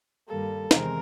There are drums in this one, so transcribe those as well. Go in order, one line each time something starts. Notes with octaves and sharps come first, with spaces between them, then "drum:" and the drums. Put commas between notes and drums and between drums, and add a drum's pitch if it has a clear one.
G2 D#3 G3 A#3 A4
E2 C3 D#3 G#3 C4 A#4, drum: snare